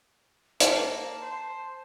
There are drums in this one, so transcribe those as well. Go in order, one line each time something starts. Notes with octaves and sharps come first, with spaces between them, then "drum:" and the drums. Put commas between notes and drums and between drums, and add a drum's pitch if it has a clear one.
A#3 A5, drum: hi-hat
C5